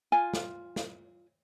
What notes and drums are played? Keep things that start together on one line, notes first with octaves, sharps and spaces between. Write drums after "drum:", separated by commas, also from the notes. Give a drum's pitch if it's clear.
F4 G#5
drum: snare
drum: snare